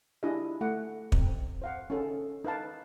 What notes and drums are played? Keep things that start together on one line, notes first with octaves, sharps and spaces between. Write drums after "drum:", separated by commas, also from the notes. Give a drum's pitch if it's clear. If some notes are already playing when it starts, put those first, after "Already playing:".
D4 E4 F4 G4 G#4 D#5
A3 A4 F#5
C4, drum: kick
C5 F5 F#5
C#4 D#4 G#4 A4
D#4 B4 F5 A5